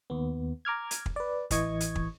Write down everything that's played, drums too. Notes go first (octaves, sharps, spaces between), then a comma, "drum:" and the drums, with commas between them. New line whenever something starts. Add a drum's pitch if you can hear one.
D#2 B3
A#5 D6 F6 G#6
drum: hi-hat
drum: kick
B4 D5
A1 E3 D#5 C#6 G#6, drum: kick, hi-hat
drum: hi-hat
drum: kick